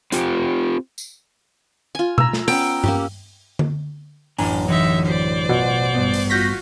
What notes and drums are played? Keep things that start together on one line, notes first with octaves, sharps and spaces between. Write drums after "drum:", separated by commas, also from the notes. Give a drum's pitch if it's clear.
C4 F4 G4, drum: hi-hat
drum: tambourine
F4 G#5
A#5 E6, drum: tom B2
drum: snare
B3 C#4 G5, drum: open hi-hat
A#3 C#4 G4, drum: tom G2
drum: tom D3
A1 F#2 D4 G#5 A#5, drum: open hi-hat
D3 E3 D#4 E4 E5
C5 D5 B6
B2 F4 F#5
G2 B3
drum: open hi-hat
F4 F#4 C#6 F#6 G6 A#6 B6